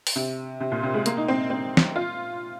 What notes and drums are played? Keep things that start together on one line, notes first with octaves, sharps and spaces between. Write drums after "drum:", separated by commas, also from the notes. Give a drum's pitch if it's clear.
drum: open hi-hat
C3
C3
A#2
C3
G#3
A#3, drum: hi-hat
D#4
C4
C4
drum: snare
F4